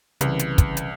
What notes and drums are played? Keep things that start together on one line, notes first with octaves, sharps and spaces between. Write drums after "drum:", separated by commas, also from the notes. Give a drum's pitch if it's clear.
C2 C#3 E3 C#4 B4, drum: hi-hat
drum: hi-hat
drum: kick, hi-hat
drum: hi-hat